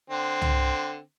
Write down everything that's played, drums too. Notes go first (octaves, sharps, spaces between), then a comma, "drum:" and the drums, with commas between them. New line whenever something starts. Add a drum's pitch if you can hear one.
D3 C4
drum: tom